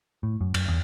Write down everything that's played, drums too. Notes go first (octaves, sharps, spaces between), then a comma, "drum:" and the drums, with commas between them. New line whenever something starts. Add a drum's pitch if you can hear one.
A2
F#2
F#2, drum: cymbal
E2